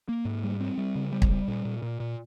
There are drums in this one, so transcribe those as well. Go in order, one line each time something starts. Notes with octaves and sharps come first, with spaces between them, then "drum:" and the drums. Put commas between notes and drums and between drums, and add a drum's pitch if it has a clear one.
A#3
G#2
G3
C4
G3
C#3
G3
drum: kick
G3
A#2
A#2
A#2
A#2